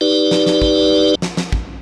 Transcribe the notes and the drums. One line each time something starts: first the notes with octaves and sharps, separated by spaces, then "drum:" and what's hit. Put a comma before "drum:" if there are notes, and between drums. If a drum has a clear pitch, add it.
D#4 G4 B4 D5
drum: snare
drum: snare
drum: kick
drum: snare
drum: snare
drum: kick